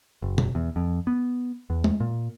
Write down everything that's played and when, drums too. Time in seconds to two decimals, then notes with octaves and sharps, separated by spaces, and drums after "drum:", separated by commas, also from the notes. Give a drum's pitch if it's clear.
0.22 F#1
0.38 drum: tom B2
0.55 E2
0.76 F2
1.07 B3
1.70 E2
1.84 drum: tom G#3
2.00 A#2